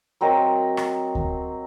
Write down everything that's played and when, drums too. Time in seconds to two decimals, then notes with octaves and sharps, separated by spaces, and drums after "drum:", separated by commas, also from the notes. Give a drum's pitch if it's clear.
0.21 F#3 C4 A#4 D#5
0.77 drum: rim click
1.15 drum: kick D2